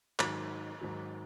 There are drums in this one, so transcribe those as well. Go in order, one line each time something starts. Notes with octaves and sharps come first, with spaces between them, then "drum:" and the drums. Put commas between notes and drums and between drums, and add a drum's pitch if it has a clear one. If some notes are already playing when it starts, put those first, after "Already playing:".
G#2 D#3 F#3, drum: clap
G#2 D#3 F#3